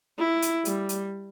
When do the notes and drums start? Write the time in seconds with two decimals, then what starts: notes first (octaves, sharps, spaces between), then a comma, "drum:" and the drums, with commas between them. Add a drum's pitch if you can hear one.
0.19 E4
0.42 drum: hi-hat
0.65 G3, drum: hi-hat
0.89 drum: hi-hat